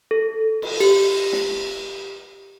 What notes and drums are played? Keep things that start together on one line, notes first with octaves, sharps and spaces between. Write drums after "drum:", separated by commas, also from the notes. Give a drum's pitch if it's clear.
A4
drum: cymbal
G4, drum: cymbal
drum: snare